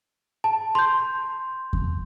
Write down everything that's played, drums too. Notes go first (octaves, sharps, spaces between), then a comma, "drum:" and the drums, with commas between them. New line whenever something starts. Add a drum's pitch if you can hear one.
A5
C6 G6
drum: kick E2